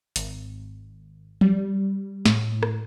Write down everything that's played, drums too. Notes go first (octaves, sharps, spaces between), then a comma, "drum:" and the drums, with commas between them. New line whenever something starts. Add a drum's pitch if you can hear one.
G#1, drum: hi-hat
G3, drum: tom F3
A2, drum: snare
drum: rim click